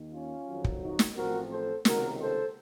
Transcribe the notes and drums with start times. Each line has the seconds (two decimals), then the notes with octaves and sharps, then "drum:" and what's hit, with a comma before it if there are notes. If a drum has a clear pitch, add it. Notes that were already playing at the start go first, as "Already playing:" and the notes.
Already playing: D#2 D#3 A#3
0.12 C#4 F4
0.47 F2 D#3 F#3
0.64 drum: kick
0.82 D#4 F#4
0.99 drum: snare
1.16 A1 A2 F3 C4 F#4 A#4
1.51 A4 C5
1.85 C#2 C3 D#3 F#4 A#4, drum: snare
2.21 A4 C5